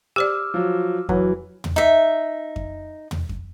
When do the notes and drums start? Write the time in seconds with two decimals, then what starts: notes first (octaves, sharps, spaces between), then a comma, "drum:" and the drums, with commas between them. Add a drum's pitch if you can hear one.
0.16 G4 C5 D5 D6 E6 F6
0.54 F3 F#3
1.09 E3 F#3, drum: kick F2
1.64 drum: tom
1.76 D#4 E5
2.56 drum: kick F2
3.11 drum: tom
3.29 drum: kick F2